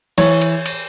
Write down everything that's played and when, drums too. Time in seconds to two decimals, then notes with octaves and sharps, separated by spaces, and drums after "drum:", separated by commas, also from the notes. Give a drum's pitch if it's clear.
0.18 E3 C#5, drum: cymbal
0.41 drum: cymbal
0.66 drum: cymbal